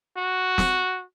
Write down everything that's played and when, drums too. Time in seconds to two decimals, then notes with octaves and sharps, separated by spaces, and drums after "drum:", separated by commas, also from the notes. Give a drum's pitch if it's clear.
0.17 F#4
0.58 drum: snare